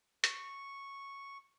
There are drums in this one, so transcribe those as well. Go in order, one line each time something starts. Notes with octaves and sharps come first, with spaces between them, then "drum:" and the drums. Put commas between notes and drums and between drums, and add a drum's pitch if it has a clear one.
C#6, drum: hi-hat